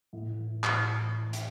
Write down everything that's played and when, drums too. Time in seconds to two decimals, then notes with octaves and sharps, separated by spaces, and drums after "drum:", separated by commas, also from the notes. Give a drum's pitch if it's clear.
0.13 A2
0.38 E3
0.64 A2, drum: clap
0.91 E3
1.16 E3
1.33 drum: hi-hat